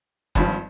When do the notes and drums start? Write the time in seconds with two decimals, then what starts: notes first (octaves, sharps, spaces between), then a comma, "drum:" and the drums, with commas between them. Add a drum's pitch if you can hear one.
0.35 G#1 G2 F3, drum: kick F#1